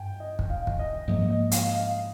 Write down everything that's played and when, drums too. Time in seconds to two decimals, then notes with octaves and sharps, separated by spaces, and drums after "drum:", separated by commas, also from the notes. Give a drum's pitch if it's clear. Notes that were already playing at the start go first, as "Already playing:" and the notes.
Already playing: G2 G5 G#5
0.20 D#5
0.39 drum: kick
0.50 F5
0.67 drum: kick
0.79 D#5
1.08 G#2 F3 A#3 D#5
1.30 D#5
1.51 F5, drum: hi-hat
1.75 F5